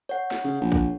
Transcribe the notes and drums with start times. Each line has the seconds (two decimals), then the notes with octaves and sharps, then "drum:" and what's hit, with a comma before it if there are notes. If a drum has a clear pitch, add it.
0.09 C#5 F#5
0.31 drum: snare
0.45 C#3, drum: open hi-hat
0.61 A#1
0.72 drum: kick